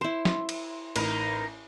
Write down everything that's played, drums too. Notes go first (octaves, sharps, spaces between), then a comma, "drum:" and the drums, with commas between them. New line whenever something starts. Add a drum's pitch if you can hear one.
E4 C5 C6 E7
drum: snare
drum: cymbal
A1 D#4 A#4 B5, drum: cymbal